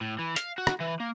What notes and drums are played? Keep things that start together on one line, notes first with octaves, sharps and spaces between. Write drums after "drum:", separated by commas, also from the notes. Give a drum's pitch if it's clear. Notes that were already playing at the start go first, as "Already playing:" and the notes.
A2
E3
F5, drum: hi-hat
F#4
drum: rim click
E3
A#3